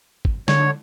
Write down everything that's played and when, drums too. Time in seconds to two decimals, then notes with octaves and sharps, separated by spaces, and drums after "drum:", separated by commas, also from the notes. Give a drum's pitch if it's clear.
0.25 drum: kick G#1
0.48 D3 C#5, drum: snare